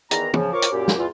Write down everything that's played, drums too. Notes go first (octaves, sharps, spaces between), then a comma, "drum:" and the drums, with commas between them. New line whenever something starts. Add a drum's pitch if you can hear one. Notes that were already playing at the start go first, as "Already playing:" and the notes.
E2 D#3 A#5, drum: hi-hat
C#3 F3, drum: tom
F4 A#4 C5 C#5 C#6 D6
drum: hi-hat
F#2 A#2 G4
drum: snare
E2 F4